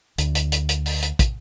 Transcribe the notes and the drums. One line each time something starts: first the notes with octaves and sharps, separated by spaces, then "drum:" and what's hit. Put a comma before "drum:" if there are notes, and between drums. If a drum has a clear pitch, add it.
D2, drum: hi-hat
drum: hi-hat
drum: hi-hat
drum: hi-hat
drum: open hi-hat
drum: hi-hat
drum: kick, hi-hat